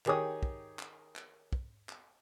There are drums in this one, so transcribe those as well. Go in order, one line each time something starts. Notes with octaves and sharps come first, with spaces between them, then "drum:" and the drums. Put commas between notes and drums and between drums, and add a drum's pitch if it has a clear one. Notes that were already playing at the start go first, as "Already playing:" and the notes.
D#3 G4 G#4 C#5 D#6, drum: clap
drum: kick
drum: clap
drum: clap
drum: kick
drum: clap